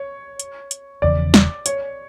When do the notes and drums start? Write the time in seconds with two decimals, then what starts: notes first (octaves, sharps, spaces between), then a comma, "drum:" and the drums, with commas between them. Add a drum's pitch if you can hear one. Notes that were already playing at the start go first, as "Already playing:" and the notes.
Already playing: C#5
0.40 drum: hi-hat
0.71 drum: hi-hat
1.02 E1 E2 C#3 F3 D5
1.34 drum: snare
1.66 C#5, drum: hi-hat